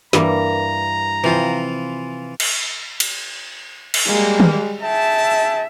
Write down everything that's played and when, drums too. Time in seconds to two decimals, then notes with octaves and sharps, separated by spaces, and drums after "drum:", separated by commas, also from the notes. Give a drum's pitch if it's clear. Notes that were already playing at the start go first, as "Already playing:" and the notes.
0.13 G2 E3 A#3 A#5, drum: snare
1.24 C3 E3 F3 F4
2.40 drum: cymbal
3.00 drum: cymbal
3.94 drum: cymbal
4.08 G3 G#3 A#3
4.40 drum: tom D#3
4.82 G#4 E5 G5 A5